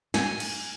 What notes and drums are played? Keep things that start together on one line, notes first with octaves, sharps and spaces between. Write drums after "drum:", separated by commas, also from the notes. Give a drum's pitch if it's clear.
G#5, drum: snare
drum: cymbal